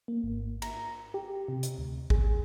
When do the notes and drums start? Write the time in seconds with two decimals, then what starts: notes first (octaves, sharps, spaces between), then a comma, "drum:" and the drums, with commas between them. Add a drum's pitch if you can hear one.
0.08 A#3
0.23 G#1
0.62 A#5, drum: cymbal
1.14 G4
1.48 C3
1.63 drum: hi-hat
1.78 D2
2.10 G#4, drum: kick